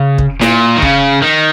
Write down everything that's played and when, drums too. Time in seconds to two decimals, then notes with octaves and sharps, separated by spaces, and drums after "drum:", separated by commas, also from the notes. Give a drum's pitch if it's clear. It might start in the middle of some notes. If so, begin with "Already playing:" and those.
Already playing: C#3
0.18 drum: kick
0.41 A#2, drum: snare E4
0.77 D#3
0.82 C#3, drum: kick
1.22 D#3